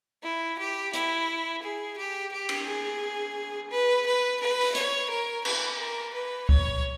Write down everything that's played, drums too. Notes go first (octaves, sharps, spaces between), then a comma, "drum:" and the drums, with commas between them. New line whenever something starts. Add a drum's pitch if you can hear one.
E4
G4
E4, drum: hi-hat
G#4
G4
G4
drum: cymbal
G#4
B4
B4
B4
drum: open hi-hat
C#5, drum: hi-hat
A#4
B4, drum: cymbal
A#4
B4
C#5, drum: kick C#2